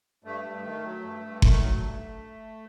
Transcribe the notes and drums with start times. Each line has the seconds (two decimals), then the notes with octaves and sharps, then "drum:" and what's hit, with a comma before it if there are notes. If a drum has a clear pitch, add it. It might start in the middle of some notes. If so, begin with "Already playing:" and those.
0.24 G2 A3
0.44 G2
0.64 D#3
0.83 F#3
1.03 G2
1.22 G2
1.42 D#3 A3, drum: kick F#1
1.61 F#3
1.80 G2